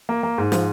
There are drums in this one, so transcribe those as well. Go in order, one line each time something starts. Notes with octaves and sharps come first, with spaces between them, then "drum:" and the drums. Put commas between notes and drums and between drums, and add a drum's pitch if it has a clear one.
A#3
A#3
G#2
F3, drum: snare